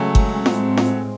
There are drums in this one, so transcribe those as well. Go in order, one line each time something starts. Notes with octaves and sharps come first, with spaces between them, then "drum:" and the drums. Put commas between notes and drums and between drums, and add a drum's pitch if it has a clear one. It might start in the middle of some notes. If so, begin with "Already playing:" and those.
Already playing: C#3 F#3 G#3 A3 C#4
drum: kick G1
A2 G#3 C4, drum: snare
drum: snare